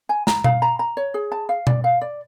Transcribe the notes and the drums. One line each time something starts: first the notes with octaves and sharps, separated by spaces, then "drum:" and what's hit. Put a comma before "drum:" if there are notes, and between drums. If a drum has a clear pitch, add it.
G#5
A#5, drum: snare
F5, drum: tom B2
A#5
A#5
C#5
G#4
A5
F5
D5, drum: tom B2
F5
D5